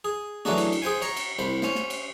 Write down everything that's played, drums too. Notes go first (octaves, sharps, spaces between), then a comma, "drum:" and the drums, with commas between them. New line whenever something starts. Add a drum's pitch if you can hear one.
G#4
E3 F#3 G#3 A3 D4 F#4, drum: snare
drum: cymbal
drum: cymbal
G#4 C5 G5 G#5
C#5 A#5, drum: cymbal
drum: cymbal
C2 C5 B5
C#4 C5, drum: snare
drum: snare
drum: cymbal